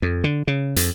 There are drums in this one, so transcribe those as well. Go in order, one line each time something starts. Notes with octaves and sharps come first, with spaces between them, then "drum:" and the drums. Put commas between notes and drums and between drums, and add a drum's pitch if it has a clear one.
F2
D3
C#3
F2, drum: hi-hat